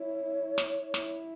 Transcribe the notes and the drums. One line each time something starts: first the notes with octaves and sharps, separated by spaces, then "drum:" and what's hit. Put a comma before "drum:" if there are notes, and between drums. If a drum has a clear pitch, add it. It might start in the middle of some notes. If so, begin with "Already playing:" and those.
Already playing: E4 C#5
drum: snare
E4, drum: snare